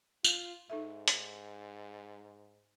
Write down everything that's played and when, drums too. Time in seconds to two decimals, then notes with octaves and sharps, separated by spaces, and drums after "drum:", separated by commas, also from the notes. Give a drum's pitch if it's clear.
0.24 F4, drum: tambourine
0.70 G#2 D#4 A4 E5
1.08 drum: hi-hat